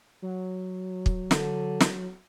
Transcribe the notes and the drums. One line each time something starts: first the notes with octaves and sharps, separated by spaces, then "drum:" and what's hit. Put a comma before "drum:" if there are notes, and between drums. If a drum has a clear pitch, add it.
F#3
drum: kick
D3, drum: snare
drum: snare